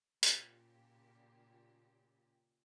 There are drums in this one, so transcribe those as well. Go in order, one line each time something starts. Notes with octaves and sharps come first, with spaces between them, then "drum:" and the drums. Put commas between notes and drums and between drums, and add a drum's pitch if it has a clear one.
A#2 C#3 G4, drum: hi-hat